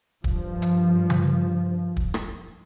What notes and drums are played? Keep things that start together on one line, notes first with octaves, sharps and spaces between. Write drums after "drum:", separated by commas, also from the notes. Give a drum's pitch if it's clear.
G2 F3, drum: kick
drum: hi-hat
drum: tom C#3
drum: kick
drum: rim click